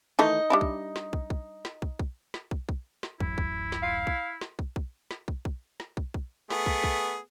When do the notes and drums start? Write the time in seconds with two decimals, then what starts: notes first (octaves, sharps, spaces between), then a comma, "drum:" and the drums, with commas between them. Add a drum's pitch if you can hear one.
0.19 D#3 E3 A3 D#4 D#5
0.50 G3 D4 E4
0.61 drum: kick
0.96 drum: snare
1.13 drum: kick
1.30 drum: kick
1.65 drum: snare
1.82 drum: kick
1.99 drum: kick
2.34 drum: snare
2.51 drum: kick
2.69 drum: kick
3.03 drum: snare
3.20 D1 A1 F#2 E4, drum: kick
3.38 drum: kick
3.72 drum: snare
3.83 F5
4.07 drum: kick
4.41 drum: snare
4.59 drum: kick
4.76 drum: kick
5.11 drum: snare
5.28 drum: kick
5.45 drum: kick
5.80 drum: snare
5.97 drum: kick
6.14 drum: kick
6.50 A3 B3 G#4, drum: snare
6.66 drum: kick
6.83 drum: kick